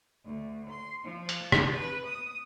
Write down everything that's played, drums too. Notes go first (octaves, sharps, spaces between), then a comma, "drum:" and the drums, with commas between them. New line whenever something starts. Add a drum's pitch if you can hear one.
D2
C6
F3
drum: hi-hat
A5
drum: rim click
B4
D#6